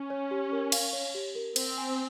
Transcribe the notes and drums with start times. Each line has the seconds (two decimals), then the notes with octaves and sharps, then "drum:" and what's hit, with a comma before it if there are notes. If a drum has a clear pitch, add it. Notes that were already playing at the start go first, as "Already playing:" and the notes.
Already playing: C#4
0.10 C#5
0.31 G4
0.52 A#4
0.72 F5, drum: cymbal
0.93 C#5
1.15 G4
1.35 A#4
1.56 C4 C5, drum: cymbal
1.78 G#5